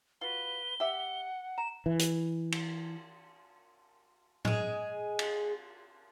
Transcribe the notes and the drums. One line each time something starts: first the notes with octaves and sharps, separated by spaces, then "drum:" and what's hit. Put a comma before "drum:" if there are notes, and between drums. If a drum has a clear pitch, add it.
F4 F#4 B4 G7
G4 E5 F#5
A#5 E7
E3
drum: hi-hat
drum: cymbal
G#3 G#4, drum: tom A2
drum: cymbal